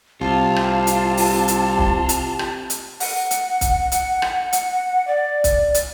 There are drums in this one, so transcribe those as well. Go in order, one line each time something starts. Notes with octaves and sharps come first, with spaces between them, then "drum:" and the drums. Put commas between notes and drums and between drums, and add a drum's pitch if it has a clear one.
C2 C3 F4 A5
drum: rim click
drum: hi-hat
drum: open hi-hat
drum: hi-hat
drum: kick
drum: hi-hat
drum: rim click
drum: hi-hat
F#5, drum: open hi-hat
drum: hi-hat
drum: kick, hi-hat
drum: hi-hat
drum: rim click
drum: hi-hat
D5
drum: kick, hi-hat
drum: hi-hat